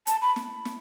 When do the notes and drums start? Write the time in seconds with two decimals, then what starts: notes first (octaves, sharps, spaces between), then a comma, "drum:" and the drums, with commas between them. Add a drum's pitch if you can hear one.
0.07 A5, drum: hi-hat
0.22 B5
0.36 drum: snare
0.65 drum: snare